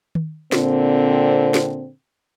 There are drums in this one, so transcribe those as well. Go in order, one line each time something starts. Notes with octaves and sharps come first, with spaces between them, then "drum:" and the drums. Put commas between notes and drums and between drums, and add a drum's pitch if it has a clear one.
drum: tom D#3
A#2 D3 C4, drum: snare
drum: snare